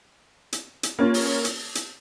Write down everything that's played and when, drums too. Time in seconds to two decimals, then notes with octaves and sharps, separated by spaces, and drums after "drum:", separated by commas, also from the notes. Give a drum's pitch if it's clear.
0.53 drum: hi-hat
0.83 drum: hi-hat
0.99 A#3 C#4 F4
1.14 drum: open hi-hat
1.45 drum: hi-hat
1.75 drum: hi-hat